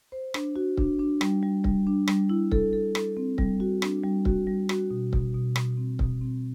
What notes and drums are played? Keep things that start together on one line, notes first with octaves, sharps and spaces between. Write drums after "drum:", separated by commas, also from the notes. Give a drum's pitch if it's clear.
C5
D4, drum: rim click
F#4
D4, drum: kick C#1
D4
G3, drum: rim click
G3
G3, drum: kick C#1
D4
G3, drum: rim click
E4
A4, drum: kick C#1
A4
A4, drum: rim click
C4
G3, drum: kick C#1
F#4
D4, drum: rim click
G3
F#4, drum: kick C#1
G3
F#4, drum: rim click
B2
B2, drum: kick C#1
B2
B2, drum: rim click
C4
B2, drum: kick C#1
C4